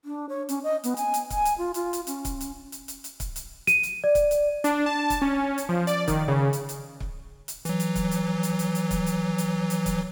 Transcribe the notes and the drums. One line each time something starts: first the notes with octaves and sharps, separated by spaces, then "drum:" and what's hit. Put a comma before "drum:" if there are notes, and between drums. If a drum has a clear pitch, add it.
D4
C#5
C#4, drum: hi-hat
D#5
B3, drum: hi-hat
G#5, drum: hi-hat
drum: hi-hat
G#5, drum: kick C#1, hi-hat
drum: hi-hat
F4
F4, drum: hi-hat
drum: hi-hat
C#4, drum: hi-hat
drum: kick C#1, hi-hat
drum: hi-hat
drum: hi-hat
drum: hi-hat
drum: hi-hat
drum: kick C#1, hi-hat
drum: hi-hat
D#7, drum: hi-hat
drum: hi-hat
D5
drum: kick C#1, hi-hat
drum: hi-hat
D4, drum: hi-hat
A5
drum: kick C#1, hi-hat
C#4
drum: hi-hat
F3
D5, drum: hi-hat
D#3, drum: kick C#1, hi-hat
C#3
drum: hi-hat
drum: hi-hat
drum: kick C#1
drum: hi-hat
E3 F#3, drum: hi-hat
drum: hi-hat
drum: kick C#1, hi-hat
drum: hi-hat
drum: hi-hat
drum: hi-hat
drum: hi-hat
drum: kick C#1, hi-hat
drum: hi-hat
drum: hi-hat
drum: hi-hat
drum: kick C#1, hi-hat